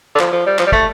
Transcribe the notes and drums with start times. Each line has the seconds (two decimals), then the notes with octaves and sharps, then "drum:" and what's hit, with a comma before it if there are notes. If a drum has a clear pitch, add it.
0.15 D3
0.20 F3, drum: clap
0.33 F3
0.46 G3
0.59 F3, drum: clap
0.67 G3
0.72 A3, drum: kick